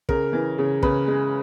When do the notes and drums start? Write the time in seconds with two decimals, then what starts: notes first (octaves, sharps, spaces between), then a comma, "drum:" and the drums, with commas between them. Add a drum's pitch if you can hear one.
0.09 C#3 A#4, drum: kick
0.33 E3
0.58 C#3
0.83 C#3 B4, drum: kick
1.07 G#3